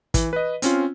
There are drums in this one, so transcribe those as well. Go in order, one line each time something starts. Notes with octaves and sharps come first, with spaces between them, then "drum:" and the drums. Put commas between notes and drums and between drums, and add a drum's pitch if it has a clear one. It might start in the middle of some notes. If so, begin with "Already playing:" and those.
E3, drum: kick, hi-hat
B4 D#5
C4 C#4 F4, drum: hi-hat